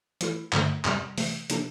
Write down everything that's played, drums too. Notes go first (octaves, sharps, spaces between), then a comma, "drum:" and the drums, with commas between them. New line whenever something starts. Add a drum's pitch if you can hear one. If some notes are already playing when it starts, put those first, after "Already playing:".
E3 A3 E4 A4, drum: hi-hat
G2 D3 A3, drum: clap
F2 C3 G3, drum: clap
C3 E3 A3, drum: open hi-hat
C3 F3 A#3 D4 A4, drum: hi-hat